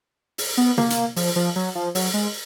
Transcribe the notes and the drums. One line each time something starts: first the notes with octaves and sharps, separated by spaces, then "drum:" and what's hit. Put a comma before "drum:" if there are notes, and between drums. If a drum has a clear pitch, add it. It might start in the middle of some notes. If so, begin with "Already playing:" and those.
drum: open hi-hat
B3
A#3, drum: tom
drum: hi-hat
F3, drum: open hi-hat
F3
F#3
F3
F#3, drum: open hi-hat
G#3